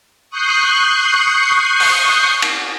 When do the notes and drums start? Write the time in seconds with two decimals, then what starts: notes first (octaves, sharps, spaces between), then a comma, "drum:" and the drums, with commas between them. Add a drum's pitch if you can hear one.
0.30 C#6 D#6 F#6 G6 C7
1.80 drum: open hi-hat
2.42 drum: cymbal